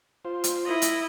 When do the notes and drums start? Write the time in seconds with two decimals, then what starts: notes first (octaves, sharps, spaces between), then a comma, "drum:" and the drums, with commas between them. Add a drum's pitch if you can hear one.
0.25 F4 C5
0.44 drum: hi-hat
0.66 E4 D#5
0.82 drum: hi-hat